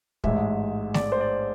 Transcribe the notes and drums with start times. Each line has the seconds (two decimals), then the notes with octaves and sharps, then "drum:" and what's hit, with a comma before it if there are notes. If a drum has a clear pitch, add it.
0.24 A1 G#2 G#3 E5, drum: kick
0.94 D5, drum: snare A3
1.12 C5
1.21 D5